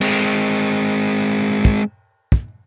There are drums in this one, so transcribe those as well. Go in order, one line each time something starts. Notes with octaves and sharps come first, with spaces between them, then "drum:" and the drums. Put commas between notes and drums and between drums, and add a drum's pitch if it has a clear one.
G#3 C4, drum: cymbal
drum: kick
drum: kick